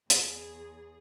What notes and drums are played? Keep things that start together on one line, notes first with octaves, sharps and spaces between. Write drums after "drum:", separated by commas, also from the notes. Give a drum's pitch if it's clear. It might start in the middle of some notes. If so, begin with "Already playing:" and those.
E2 G#4, drum: hi-hat